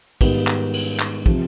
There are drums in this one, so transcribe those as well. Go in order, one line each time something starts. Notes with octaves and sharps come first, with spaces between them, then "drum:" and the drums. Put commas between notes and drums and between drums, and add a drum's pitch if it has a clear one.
G#2 D#3 G3 B3, drum: kick, cymbal
drum: clap
drum: cymbal
drum: clap
C3 F3, drum: kick